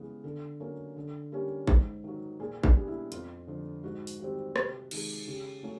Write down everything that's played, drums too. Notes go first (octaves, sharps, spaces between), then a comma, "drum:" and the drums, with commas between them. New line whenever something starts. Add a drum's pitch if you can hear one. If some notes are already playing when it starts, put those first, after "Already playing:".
Already playing: C#3 E3 G#3 B3
D3 A4
F#3 A#3 C#4
D3
G3 A#3 C#4
G#2, drum: kick G#1
D#3 F#3
A#2 G#4
D4, drum: kick G#1
G3 B3
E4
F2 F4, drum: hi-hat
D3 F3
G#2 F#4
drum: open hi-hat
D#3 G3 C4
C3, drum: rim click
D#3 G#3, drum: cymbal
C#3 G4
F#3 A3 C#4